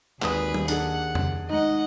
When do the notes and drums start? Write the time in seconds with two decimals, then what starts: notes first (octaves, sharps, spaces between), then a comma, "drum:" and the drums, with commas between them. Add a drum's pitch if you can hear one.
0.22 G#1 D#2 G#4 B4 D#6, drum: clap
0.54 drum: tom F#3
0.68 D4 G#4 F#5, drum: hi-hat
1.15 drum: tom F2
1.49 G#3 D#4 D#5 F#5